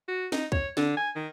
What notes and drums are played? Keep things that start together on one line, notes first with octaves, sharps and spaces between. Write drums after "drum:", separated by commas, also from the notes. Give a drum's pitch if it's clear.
F#4
D#4, drum: snare
C#5, drum: kick C#2
D3, drum: snare
G#5
D#3